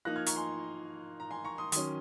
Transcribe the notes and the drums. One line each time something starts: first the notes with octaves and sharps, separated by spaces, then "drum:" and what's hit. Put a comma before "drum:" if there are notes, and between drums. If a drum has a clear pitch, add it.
F3 A#3 D#4 F#6 A#6
F6 G#6
A#5 C#6, drum: hi-hat
G#5 C6
A#5
G#5 C6
A#5 C#6
C6 D#6
D#3 F#3 C#4 C6 D#6, drum: hi-hat